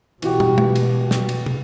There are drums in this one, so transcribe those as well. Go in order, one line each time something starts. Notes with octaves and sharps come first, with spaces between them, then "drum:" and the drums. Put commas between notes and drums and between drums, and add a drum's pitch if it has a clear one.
B2 E3 F#4 G4, drum: cymbal
drum: tom
drum: tom
drum: cymbal
drum: snare
drum: cymbal
drum: tom